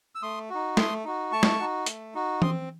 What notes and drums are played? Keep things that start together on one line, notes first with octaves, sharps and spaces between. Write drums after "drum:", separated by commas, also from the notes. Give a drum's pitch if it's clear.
E6
A3 C6 D#6
D#4 F#4
A3 C6 D#6, drum: snare
D#4 F#4
A3 A5 C#6
drum: snare
D#4 F#4
A3, drum: hi-hat
D#4 F#4
C4 C6 D#6, drum: tom E3